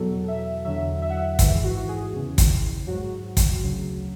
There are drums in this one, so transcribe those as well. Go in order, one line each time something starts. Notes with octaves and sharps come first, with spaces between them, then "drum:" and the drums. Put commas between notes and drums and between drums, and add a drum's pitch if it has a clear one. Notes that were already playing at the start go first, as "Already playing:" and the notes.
Already playing: E2 B2 F#3 A4
E5
E2 D3 F#3 E5
E5
F#5
E5
G#2 E3 E5, drum: kick, hi-hat
F#4
F#4
G#4
E2 C#3 E3
drum: kick, hi-hat
G#2 F#3 F#4
drum: kick, hi-hat
D2 C#3 F#3